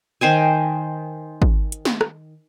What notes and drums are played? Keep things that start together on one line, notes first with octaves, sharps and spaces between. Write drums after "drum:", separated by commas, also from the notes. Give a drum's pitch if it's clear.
D#3 C5 G5 G#5
drum: kick
drum: hi-hat
drum: snare
drum: rim click